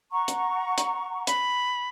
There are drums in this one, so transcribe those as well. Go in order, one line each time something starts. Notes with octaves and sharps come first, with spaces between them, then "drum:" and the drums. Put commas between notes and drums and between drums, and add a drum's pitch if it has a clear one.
F#5 A#5 C#6
drum: hi-hat
drum: hi-hat
B5, drum: hi-hat